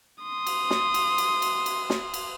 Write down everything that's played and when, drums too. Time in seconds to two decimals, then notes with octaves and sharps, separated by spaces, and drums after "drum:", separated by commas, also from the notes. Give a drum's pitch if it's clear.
0.23 C6 D#6
0.47 drum: cymbal
0.70 drum: snare
0.94 drum: cymbal
1.18 drum: cymbal
1.42 drum: cymbal
1.66 drum: cymbal
1.90 drum: snare
2.14 drum: cymbal